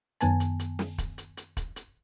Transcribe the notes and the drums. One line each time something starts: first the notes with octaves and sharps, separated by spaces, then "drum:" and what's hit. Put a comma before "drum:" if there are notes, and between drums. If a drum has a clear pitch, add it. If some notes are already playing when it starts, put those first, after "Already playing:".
F#2 D#3 B3 G#5 A5, drum: hi-hat
drum: hi-hat
drum: hi-hat
drum: snare
drum: kick, hi-hat
drum: hi-hat
drum: hi-hat
drum: kick, hi-hat
drum: hi-hat